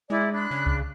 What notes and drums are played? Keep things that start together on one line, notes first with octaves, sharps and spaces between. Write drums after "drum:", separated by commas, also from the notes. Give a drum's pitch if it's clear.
G#3 E4 D5
D4 B5 F#6
C#3
drum: kick C2